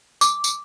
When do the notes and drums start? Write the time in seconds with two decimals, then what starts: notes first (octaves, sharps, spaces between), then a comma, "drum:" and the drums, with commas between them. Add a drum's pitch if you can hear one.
0.21 D6, drum: tambourine
0.44 drum: tambourine